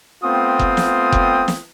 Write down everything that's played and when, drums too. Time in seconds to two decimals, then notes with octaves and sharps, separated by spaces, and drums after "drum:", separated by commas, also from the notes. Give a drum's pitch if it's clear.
0.24 A3 B3 C4 F4 G5 D#6
0.59 drum: kick F#1
0.77 drum: snare
1.12 drum: kick F#1
1.48 drum: snare